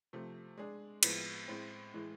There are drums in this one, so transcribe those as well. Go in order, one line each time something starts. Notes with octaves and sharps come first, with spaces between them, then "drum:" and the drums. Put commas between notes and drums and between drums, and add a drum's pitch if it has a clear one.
C3 F3 A3
G#3 D4 G#4
A2 F3 G#3 B3, drum: cymbal
A2 G#3 C4
A2 E3 G#3